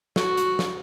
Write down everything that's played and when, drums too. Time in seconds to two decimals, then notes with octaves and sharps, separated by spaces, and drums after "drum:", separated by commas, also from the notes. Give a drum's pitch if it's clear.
0.16 F#4, drum: snare
0.37 drum: hi-hat
0.59 drum: snare